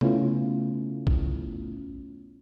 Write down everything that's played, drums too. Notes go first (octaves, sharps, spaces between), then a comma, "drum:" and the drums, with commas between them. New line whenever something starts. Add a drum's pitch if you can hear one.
C#3 A3 B3 C#4 E4 F4, drum: tom B2
drum: kick